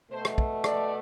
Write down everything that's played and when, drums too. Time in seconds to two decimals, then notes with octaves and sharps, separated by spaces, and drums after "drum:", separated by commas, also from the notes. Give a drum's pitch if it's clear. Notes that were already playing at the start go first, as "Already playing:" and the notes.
0.12 B2 A3 C5
0.25 drum: rim click
0.38 drum: kick
0.64 D5, drum: rim click